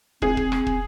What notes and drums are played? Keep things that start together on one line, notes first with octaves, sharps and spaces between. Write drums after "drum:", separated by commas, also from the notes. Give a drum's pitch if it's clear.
C4 G#4, drum: kick
drum: kick
drum: rim click
drum: kick